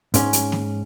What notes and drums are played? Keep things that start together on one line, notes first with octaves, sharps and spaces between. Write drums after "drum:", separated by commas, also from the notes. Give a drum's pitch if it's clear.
G#2 C#4, drum: hi-hat
drum: hi-hat
drum: snare